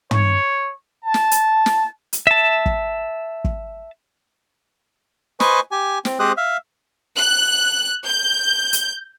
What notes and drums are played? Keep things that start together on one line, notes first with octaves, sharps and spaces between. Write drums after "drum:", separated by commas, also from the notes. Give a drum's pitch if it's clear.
C#5, drum: tom
A5
drum: snare
drum: hi-hat
drum: snare
drum: hi-hat
E5 A5
drum: kick
drum: kick
B4 C5 D#5 G#5 C#6, drum: snare
G4 G#5
C4, drum: snare
G#3 C4 G4 C5 D#6 F#6
E5 F5
F#6
G6
drum: hi-hat